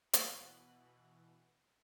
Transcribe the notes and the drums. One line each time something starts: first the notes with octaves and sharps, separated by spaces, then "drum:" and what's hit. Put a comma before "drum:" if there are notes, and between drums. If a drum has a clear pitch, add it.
B2 E3 B4 F#5, drum: hi-hat